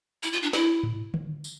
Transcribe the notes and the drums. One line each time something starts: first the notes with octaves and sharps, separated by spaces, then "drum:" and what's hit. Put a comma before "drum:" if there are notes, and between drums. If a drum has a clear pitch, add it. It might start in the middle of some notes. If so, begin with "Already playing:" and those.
E4, drum: tambourine
F4
D4
E4, drum: snare
drum: tom G#2
drum: tom D3
drum: tambourine